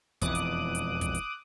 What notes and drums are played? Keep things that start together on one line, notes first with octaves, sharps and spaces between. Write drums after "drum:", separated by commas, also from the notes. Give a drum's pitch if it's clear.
E1 F2 E3 D6 D#6 F#6, drum: kick, hi-hat
drum: hi-hat
drum: hi-hat
drum: kick, hi-hat
drum: hi-hat